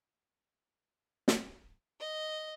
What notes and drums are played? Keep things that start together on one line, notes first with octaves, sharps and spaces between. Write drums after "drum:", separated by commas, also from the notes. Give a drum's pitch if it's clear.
drum: snare
D#5